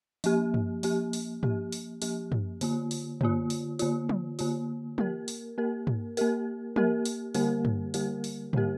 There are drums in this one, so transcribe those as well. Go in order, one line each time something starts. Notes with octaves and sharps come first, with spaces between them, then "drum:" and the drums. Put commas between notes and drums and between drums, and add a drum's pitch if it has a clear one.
F3 A#3 G4, drum: open hi-hat
drum: tom
F3 A#3 G4, drum: open hi-hat
drum: open hi-hat
F3 A#3 G4, drum: tom
drum: open hi-hat
F3 A#3 G4, drum: open hi-hat
drum: tom
D3 A#3 F4, drum: open hi-hat
drum: open hi-hat
D3 A#3 F4, drum: tom
drum: open hi-hat
D3 A#3 F4, drum: open hi-hat
drum: tom
D3 A#3 F4, drum: open hi-hat
A#3 G4 A#4, drum: tom
drum: open hi-hat
A#3 G4 A#4
drum: tom
A#3 G4 A#4, drum: open hi-hat
A#3 G4 A#4, drum: tom
drum: open hi-hat
D3 G3 A#3 G4 A#4, drum: open hi-hat
drum: tom
D3 G3 A#3 G4 A#4, drum: open hi-hat
drum: open hi-hat
D3 G3 A#3 G4 A#4, drum: tom